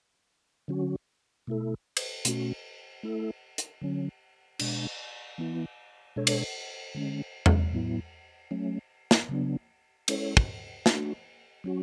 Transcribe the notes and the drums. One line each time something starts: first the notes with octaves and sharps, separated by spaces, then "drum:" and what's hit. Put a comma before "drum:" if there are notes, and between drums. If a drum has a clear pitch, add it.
D3 F#3 C#4 F#4
B2 A3 E4 A4
drum: cymbal
B2 A3 C#4 F#4, drum: hi-hat
A3 E4 A4
drum: hi-hat
D3 F#3 C#4
B2 G#3 D4, drum: cymbal
E3 B3 E4
B2 G#3 D4 A4 C#5
drum: cymbal
D3 G#3 C#4
drum: tom E2
A2 F#3 B3 E4
F#3 A3 C#4
drum: snare
C#3 F#3 B3 D4
G#3 C#4 E4 A4 C#5, drum: cymbal
drum: kick
A3 D4 F#4, drum: snare
F#3 C#4 F#4